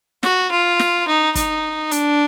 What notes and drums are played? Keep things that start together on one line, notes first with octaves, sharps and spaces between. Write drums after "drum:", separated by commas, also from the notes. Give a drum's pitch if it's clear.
F#4, drum: snare
F4
drum: snare
D#4
D#4, drum: kick, hi-hat
D4, drum: hi-hat